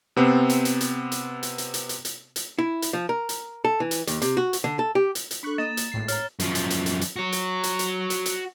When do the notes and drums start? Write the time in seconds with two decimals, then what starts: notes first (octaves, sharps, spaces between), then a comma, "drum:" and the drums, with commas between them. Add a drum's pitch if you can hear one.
0.16 C3 B3 C4 C5
0.50 drum: hi-hat
0.65 drum: hi-hat
0.81 drum: hi-hat
1.12 drum: hi-hat
1.43 drum: hi-hat
1.58 drum: hi-hat
1.74 drum: hi-hat
1.89 drum: hi-hat
2.05 drum: hi-hat
2.36 drum: hi-hat
2.59 E4
2.82 drum: hi-hat
2.93 F3
3.09 A#4
3.29 drum: hi-hat
3.65 A4
3.80 E3
3.91 drum: hi-hat
4.07 D#2, drum: hi-hat
4.22 C3, drum: hi-hat
4.37 F#4
4.53 drum: hi-hat
4.64 D3
4.79 A4
4.95 G4
5.15 drum: hi-hat
5.31 drum: hi-hat
5.43 D4 A4 B5 C#6 F#6
5.58 A#3 D#5 D#6 A6 E7
5.77 drum: hi-hat
5.92 G#1 A2 C7
6.08 C#5 A#5 F6, drum: hi-hat
6.40 F#2 F3, drum: hi-hat
6.55 drum: hi-hat
6.70 drum: hi-hat
6.86 drum: hi-hat
7.01 drum: hi-hat
7.16 F#4 C#5
7.32 drum: hi-hat
7.63 drum: hi-hat
7.79 drum: hi-hat
8.10 drum: hi-hat
8.26 drum: hi-hat